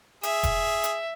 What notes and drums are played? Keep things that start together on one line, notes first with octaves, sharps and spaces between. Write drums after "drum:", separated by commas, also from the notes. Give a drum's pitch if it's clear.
G#4 E5, drum: hi-hat
drum: kick E1, hi-hat
drum: hi-hat